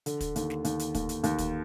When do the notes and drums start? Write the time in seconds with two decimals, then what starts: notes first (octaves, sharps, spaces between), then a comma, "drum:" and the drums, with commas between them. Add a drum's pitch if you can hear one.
0.06 D3, drum: hi-hat
0.20 drum: kick, hi-hat
0.36 D#2, drum: hi-hat
0.50 drum: snare
0.65 D#2, drum: hi-hat
0.79 drum: hi-hat
0.94 D#2, drum: kick, hi-hat
1.09 drum: hi-hat
1.24 D#2, drum: hi-hat
1.38 drum: kick, hi-hat